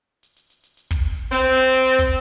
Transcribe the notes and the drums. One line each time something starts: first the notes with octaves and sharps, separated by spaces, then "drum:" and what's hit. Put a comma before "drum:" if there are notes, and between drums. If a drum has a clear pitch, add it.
drum: hi-hat
drum: hi-hat
drum: hi-hat
drum: hi-hat
drum: hi-hat
drum: kick, hi-hat
drum: hi-hat
C4, drum: hi-hat
drum: hi-hat
drum: hi-hat
drum: hi-hat
drum: hi-hat
drum: kick, hi-hat